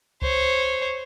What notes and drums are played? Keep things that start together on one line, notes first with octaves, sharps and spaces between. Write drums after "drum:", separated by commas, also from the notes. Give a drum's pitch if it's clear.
C5 C#5, drum: kick C#2